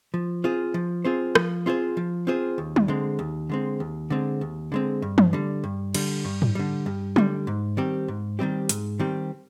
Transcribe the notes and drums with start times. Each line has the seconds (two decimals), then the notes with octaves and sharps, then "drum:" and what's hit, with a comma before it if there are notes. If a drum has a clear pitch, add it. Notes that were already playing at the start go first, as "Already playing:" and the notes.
0.14 F3
0.44 C4 F4 G#4 C5
0.74 F3
1.04 C4 F4 G#4 C5
1.35 F3, drum: rim click
1.66 C4 F4 G#4 C5
1.97 F3
2.27 C4 F4 G#4 C5
2.58 D#2
2.76 drum: tom F#3
2.88 D3 G#3 C4
3.19 D#2
3.49 D3 G#3 C4
3.80 D#2
4.10 D3 G#3 C4
4.41 D#2
4.72 D3 G#3 C4
5.02 G2
5.18 drum: tom E3
5.33 D3 G3
5.64 G2
5.94 D3 G3, drum: cymbal
6.25 G2
6.42 drum: tom G#2
6.55 D3 G3
6.86 G2
7.16 D3 G3, drum: tom F#3
7.47 G#2
7.77 D#3 G3 C4 G4
8.08 G#2
8.39 D#3 G3 C4 G4
8.69 G#2, drum: hi-hat
8.99 D#3 G3 C4 G4